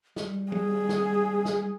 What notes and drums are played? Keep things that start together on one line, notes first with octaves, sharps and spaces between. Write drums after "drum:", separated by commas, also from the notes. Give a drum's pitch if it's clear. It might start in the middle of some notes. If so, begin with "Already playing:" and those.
G3, drum: snare
G#4, drum: tom F3
drum: snare
drum: snare